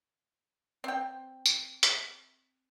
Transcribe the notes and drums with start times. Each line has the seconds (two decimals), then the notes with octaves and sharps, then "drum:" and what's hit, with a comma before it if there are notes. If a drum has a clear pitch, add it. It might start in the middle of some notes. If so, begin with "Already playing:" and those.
0.84 C4 G5
1.46 drum: tambourine
1.83 drum: hi-hat